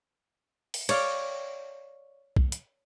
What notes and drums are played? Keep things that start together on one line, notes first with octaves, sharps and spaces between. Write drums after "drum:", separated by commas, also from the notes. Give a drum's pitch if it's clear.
drum: open hi-hat
C#5 D5 F5, drum: cymbal
drum: kick
drum: hi-hat